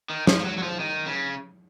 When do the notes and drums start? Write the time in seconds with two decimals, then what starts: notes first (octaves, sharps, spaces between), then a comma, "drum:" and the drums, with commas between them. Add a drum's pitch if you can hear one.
0.10 D#3
0.27 F3, drum: snare
0.40 F3
0.45 F#3
0.58 F#3
0.63 F3
0.80 D#3
1.06 C#3